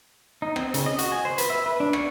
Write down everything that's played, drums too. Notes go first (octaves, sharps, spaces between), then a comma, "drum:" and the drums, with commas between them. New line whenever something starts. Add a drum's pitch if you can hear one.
D#4
C4, drum: rim click
C#3, drum: hi-hat
D#5
F#4, drum: hi-hat
G#5
C5
B4, drum: hi-hat
E5
B4
D4
C#6, drum: rim click